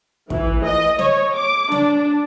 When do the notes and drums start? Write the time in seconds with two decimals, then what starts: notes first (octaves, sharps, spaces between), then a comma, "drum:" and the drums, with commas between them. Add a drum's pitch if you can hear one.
0.30 E3, drum: kick
0.65 D#5
0.99 C#5, drum: snare
1.34 D6
1.72 D4, drum: snare